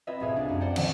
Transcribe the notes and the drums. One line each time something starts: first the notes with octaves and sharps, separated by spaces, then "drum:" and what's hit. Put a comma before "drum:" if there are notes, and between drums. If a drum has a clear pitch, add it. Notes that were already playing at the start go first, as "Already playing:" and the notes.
C4 E4 F4 B4 D#5 E5
C2 A2 G#4 F5
D4 A5
F#2
C5 D5 F#5 G5
A#2 D3 D#3 F3, drum: cymbal